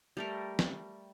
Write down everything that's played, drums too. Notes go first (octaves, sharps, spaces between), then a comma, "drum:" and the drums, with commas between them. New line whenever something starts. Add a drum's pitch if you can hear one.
G3 A3 A#4
drum: snare